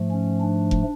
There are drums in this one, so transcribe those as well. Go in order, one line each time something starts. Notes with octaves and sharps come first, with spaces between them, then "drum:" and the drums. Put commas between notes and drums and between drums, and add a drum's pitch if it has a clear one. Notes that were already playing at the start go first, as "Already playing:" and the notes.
Already playing: G#2 F3 A3
C#4
D4
drum: kick F1